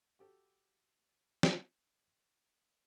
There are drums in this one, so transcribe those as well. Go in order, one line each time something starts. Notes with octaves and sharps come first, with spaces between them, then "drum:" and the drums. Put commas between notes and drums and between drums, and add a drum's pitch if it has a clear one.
F#4 G4 A4
drum: snare